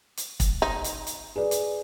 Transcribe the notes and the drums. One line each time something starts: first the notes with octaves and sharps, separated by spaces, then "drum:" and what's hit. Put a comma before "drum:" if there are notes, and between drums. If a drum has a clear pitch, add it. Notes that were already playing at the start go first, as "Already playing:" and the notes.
drum: hi-hat
drum: kick, hi-hat
D#4
drum: hi-hat
drum: hi-hat
G#4 B4 D5
drum: hi-hat